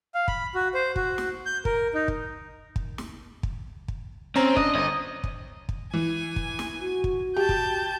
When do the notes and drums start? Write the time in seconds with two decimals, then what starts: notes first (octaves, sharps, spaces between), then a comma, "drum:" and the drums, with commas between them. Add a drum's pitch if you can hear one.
0.14 F5
0.28 B5, drum: kick
0.55 F#4
0.74 C5
0.96 F#4, drum: kick
1.18 drum: snare
1.46 G6
1.65 A#4, drum: kick
1.94 D#4
2.08 drum: kick
2.76 drum: kick
2.98 drum: snare
3.43 drum: kick
3.88 drum: kick
4.36 C4 C#4 A#5
4.56 D4 D#5, drum: kick
4.75 G1 D#5
5.24 drum: kick
5.69 drum: kick
5.94 E3 G#5
6.36 drum: kick
6.59 drum: snare
6.80 F#4
7.04 drum: kick
7.37 G4 A5 G6
7.49 drum: kick